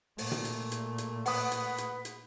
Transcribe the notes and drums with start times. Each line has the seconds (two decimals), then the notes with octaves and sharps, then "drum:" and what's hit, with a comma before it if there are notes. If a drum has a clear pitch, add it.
0.18 A#2 A3, drum: open hi-hat
0.32 drum: tom
0.45 drum: hi-hat
0.72 drum: hi-hat
0.98 drum: hi-hat
1.26 B4 F#5 D#6, drum: open hi-hat
1.52 drum: hi-hat
1.78 drum: hi-hat
2.05 drum: hi-hat